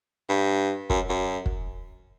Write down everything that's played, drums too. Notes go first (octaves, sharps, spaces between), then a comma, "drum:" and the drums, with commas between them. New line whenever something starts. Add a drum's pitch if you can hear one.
G2
F#2, drum: kick
F#2
drum: kick